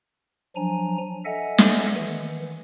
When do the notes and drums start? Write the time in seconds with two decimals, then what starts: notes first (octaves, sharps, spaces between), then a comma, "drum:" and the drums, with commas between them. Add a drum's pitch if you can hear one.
0.56 F3 F#3 D4 G#5 A#5
1.25 A4 D#5 E5 F#5 G#5
1.58 drum: snare
1.95 D#3 E3